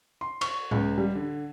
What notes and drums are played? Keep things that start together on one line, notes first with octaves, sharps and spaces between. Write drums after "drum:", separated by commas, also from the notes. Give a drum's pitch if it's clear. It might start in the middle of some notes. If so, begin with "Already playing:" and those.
C6
C#6, drum: cymbal
C#2, drum: tom A2
G3
D3